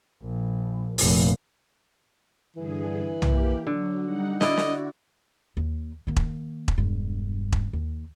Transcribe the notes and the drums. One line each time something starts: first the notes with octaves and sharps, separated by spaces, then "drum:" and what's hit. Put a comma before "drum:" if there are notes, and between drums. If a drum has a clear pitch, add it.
A#1
F1 A#1, drum: open hi-hat
G2 D3 E3 G#4
A#3 G4, drum: tom
D3 F#3
G3 D#4 F#5
D3 E4 F#4 D5 D#5, drum: snare
drum: snare
D#2
D#3 A#3
drum: kick E1
drum: kick E1
E1 G2
drum: kick E1
D#2